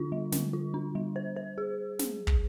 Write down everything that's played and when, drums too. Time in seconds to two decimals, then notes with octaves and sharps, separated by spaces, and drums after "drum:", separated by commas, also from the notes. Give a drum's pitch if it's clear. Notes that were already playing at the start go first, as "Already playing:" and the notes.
Already playing: D3 D4 F4
0.12 G3
0.32 D3, drum: snare
0.53 F4
0.74 D4
0.95 G3
1.16 C5
1.36 C5
1.58 G#4
1.99 drum: snare
2.27 drum: kick